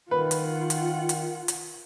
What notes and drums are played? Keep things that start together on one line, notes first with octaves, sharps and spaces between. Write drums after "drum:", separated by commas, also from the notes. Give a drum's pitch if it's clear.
D#3 F4 B4 F#5
drum: hi-hat
drum: hi-hat
drum: hi-hat
drum: hi-hat